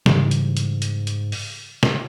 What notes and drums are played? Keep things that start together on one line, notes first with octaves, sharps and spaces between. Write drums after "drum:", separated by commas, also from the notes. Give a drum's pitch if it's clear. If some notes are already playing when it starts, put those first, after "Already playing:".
G#2 C#3 E3 G3, drum: snare
drum: hi-hat
drum: hi-hat
drum: hi-hat
drum: hi-hat
drum: open hi-hat
drum: snare